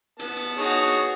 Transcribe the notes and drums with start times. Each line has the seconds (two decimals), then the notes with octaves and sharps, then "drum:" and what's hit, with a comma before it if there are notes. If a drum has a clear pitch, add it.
0.19 B3 A5, drum: hi-hat
0.36 drum: hi-hat
0.58 D#4 F#4 G#4 C#5
0.70 drum: hi-hat
0.87 drum: hi-hat